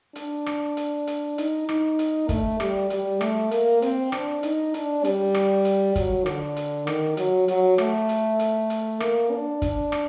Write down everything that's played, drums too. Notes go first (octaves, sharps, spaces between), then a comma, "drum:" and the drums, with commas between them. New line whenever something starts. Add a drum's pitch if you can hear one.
D4, drum: hi-hat
drum: rim click
drum: hi-hat
drum: hi-hat
D#4, drum: hi-hat
D#4, drum: rim click
drum: hi-hat
A3, drum: kick, hi-hat
G3, drum: rim click
G3, drum: hi-hat
A3, drum: rim click
A#3, drum: hi-hat
C4, drum: hi-hat
D4, drum: rim click
D#4, drum: hi-hat
D4, drum: hi-hat
G3, drum: hi-hat
drum: rim click
drum: hi-hat
F#3, drum: kick, hi-hat
D3, drum: rim click
drum: hi-hat
D#3, drum: rim click
F#3, drum: hi-hat
F#3, drum: hi-hat
A3, drum: rim click
drum: hi-hat
drum: hi-hat
drum: hi-hat
A#3, drum: rim click
D4
D4, drum: kick, hi-hat
drum: rim click